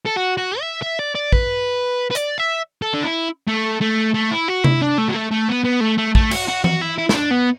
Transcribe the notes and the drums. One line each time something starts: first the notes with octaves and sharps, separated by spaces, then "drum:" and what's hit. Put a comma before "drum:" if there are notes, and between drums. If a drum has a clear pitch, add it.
A4
F#4
F#4
E5
E5
D5
D5
B4, drum: kick
B4
D5, drum: hi-hat
E5
A4
D4
E4
A3
A3
A3
E4
F#4
E4, drum: tom C3
D4
A3
F#3
A3
A3
B3
B3
A3
A3
A3, drum: kick
F#4, drum: cymbal
F#4
F#4, drum: tom E3
E4
E4
E4, drum: snare
D4
B3